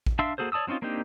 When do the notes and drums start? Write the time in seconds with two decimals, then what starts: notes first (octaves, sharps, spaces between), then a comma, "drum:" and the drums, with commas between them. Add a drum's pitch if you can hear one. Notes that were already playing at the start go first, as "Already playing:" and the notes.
0.06 drum: kick A1
0.19 D4 E5 F5 C6 E6
0.38 A#3 F#4 G#4 A4 C5
0.52 C#5 D5 A5 D#6 E6
0.67 F#3 C4 C#4 D#4 F4
0.82 A#3 C4 D4 D#4 G4